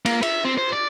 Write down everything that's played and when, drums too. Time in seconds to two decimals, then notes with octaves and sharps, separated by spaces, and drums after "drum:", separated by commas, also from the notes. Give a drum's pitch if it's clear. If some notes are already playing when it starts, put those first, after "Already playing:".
0.06 A#3, drum: cymbal
0.23 E5, drum: cymbal
0.45 C4
0.58 C5
0.73 D5